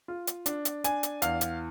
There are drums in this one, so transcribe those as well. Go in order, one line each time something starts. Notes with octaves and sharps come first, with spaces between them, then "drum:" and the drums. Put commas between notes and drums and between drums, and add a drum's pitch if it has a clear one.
F4
drum: hi-hat
D4, drum: hi-hat
drum: hi-hat
D4 G#5, drum: hi-hat
drum: hi-hat
E2 F5, drum: hi-hat
drum: hi-hat